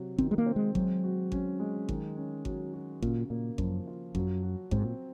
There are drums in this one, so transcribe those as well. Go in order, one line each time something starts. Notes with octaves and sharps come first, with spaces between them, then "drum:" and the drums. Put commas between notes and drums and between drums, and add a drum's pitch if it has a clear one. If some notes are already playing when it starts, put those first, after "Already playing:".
Already playing: C3 F#3
D#3 C4, drum: kick G#1
G#3
A#3
C4
G#3
F#3 G#3, drum: kick G#1
F#4
C#4, drum: kick G#1
G#3
D#3, drum: kick G#1
C#4
F#3, drum: kick G#1
F#4
A#2 C#3, drum: kick G#1
A#2 A#3
F#2 F3, drum: kick G#1
F4
F#2 F#3, drum: kick G#1
F#4
G#2 C4, drum: kick G#1
A#2